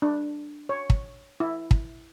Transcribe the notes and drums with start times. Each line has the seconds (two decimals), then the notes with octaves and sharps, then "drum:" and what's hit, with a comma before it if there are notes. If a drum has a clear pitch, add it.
0.02 D4
0.69 C#5
0.90 drum: kick
1.40 E4
1.71 drum: kick